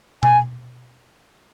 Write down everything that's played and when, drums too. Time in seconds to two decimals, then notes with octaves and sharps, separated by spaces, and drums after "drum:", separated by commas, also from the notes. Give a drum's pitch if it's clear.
0.23 G#5, drum: tom B2